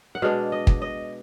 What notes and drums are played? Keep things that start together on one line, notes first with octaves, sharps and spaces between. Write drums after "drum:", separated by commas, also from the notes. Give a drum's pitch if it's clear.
F#5
B2 G#3 D4 F5
D#5
drum: kick
D#5